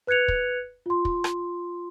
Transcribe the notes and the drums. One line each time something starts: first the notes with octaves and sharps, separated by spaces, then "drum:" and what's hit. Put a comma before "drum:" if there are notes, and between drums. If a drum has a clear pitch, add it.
B4 F#6 G#6 C#7 F7
drum: kick
F4 C6
drum: kick
drum: rim click